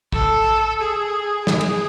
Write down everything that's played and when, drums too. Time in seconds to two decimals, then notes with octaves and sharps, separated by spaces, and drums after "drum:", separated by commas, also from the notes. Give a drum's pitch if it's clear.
0.12 A4, drum: kick
0.81 G#4
1.47 G#4, drum: snare
1.61 drum: cymbal